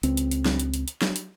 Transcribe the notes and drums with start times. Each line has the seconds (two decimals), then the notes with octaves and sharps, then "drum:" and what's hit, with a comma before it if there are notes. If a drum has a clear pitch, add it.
0.03 C#2 C4, drum: hi-hat
0.17 drum: hi-hat
0.31 drum: hi-hat
0.45 drum: snare
0.60 drum: hi-hat
0.74 drum: hi-hat
0.88 drum: hi-hat
1.02 drum: snare
1.16 drum: hi-hat